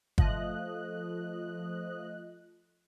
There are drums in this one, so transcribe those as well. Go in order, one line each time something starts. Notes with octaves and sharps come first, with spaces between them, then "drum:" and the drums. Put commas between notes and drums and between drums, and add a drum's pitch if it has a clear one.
F3 A3 D#5 F#6, drum: kick G1